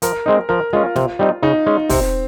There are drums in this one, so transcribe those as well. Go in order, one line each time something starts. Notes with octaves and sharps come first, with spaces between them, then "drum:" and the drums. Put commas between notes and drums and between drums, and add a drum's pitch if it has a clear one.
F3 A#4, drum: hi-hat
G#3 C4 D#4
F3 A#4
G#3 C#4 F4
C3, drum: snare
G3 C4 D#4
C#3 D#4
G#3 C#4
C3 C4, drum: kick, open hi-hat